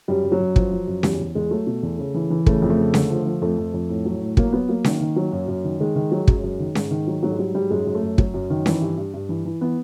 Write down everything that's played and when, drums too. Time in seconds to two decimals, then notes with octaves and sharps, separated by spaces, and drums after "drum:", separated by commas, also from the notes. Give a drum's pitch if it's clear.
0.08 F#2 G3
0.24 F#2
0.32 F#3
0.40 F#2
0.56 F3, drum: kick
0.72 F3
0.87 F#2
1.03 E2 G3, drum: snare C#4
1.19 E2
1.35 E2 G#3
1.51 F#3 A3
1.67 B2
1.83 E2
1.98 C#3
2.14 E3
2.30 E3
2.46 C#3 A3, drum: kick
2.62 F2
2.70 A3
2.78 C#3
2.94 D3, drum: snare C#4
3.10 F3
3.26 F3
3.41 F2 A3
3.58 F2
3.73 F2
3.89 A2
4.05 F#3
4.21 A2
4.37 F#3 A#3, drum: kick
4.53 F#3 B3
4.68 F#3 A#3
4.84 D#3, drum: snare C#4
5.01 D#3
5.16 F#3
5.32 F#2
5.48 F#2
5.64 D#3
5.80 D#3 G#3
5.96 D#3
6.12 F#3
6.28 F#2, drum: kick
6.43 F#2
6.60 D#3
6.75 G#2, drum: snare C#4
6.91 D#3
7.07 F#3
7.23 G#2 F#3
7.31 G#3
7.38 F#3 G3
7.54 G#2 G3
7.70 F#2 G#3
7.86 F#2
7.95 A3
8.03 F#2
8.18 F#3, drum: kick
8.34 F#2
8.50 D#3
8.66 E3, drum: snare C#4
8.81 G2
8.97 G2
9.14 G2
9.29 E3
9.45 E3
9.61 E3 B3